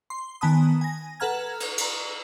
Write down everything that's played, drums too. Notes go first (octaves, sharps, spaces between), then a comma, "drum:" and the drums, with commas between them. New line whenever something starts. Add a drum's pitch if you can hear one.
C6
D#3 B3 G#5 A5 B5 D#6
G#5 A#6
A4 B4 F#5 A#5 F6 G#6
drum: cymbal
A#5 F#7, drum: cymbal